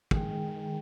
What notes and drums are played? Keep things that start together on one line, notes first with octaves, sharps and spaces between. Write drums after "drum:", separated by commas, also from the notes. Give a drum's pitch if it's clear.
D#3 G#3 G#4 G5, drum: kick